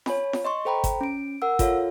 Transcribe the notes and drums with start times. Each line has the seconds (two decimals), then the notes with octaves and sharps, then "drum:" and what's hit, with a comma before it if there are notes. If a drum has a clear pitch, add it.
0.06 C#5 G#5 B5, drum: snare F4
0.33 drum: snare F4
0.45 D#5 C6 C#6
0.65 A4 C5 G5 A#5 B5
0.84 drum: kick G#1, hi-hat
1.01 C#4 D7
1.42 A#4 F#5 E6
1.59 F4 A4 C#5 F5, drum: kick G#1, hi-hat